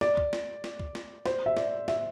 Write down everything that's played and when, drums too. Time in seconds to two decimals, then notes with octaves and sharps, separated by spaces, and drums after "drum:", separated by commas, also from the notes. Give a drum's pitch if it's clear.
0.01 D5, drum: snare
0.17 drum: kick C#2
0.33 drum: snare
0.64 drum: snare
0.80 drum: kick C#2
0.95 drum: snare
1.26 C5, drum: snare
1.46 E5
1.57 D5, drum: snare
1.88 E5, drum: snare